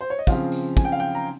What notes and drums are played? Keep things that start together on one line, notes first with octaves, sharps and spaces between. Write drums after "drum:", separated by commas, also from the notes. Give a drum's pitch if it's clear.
C5
C#5
D#5
C#3 F3 C4 F5, drum: kick, tambourine
drum: tambourine
G#5, drum: kick, tambourine
G5
F5
G5
A#5